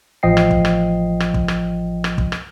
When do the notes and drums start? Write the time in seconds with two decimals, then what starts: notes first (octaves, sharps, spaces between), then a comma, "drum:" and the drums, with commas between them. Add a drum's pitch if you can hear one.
0.23 A1 F3 D#5 G5 C7
0.37 drum: rim click
0.51 drum: kick
0.65 drum: rim click
1.20 drum: rim click
1.34 drum: kick
1.48 drum: rim click
2.04 drum: rim click
2.18 drum: kick
2.32 drum: rim click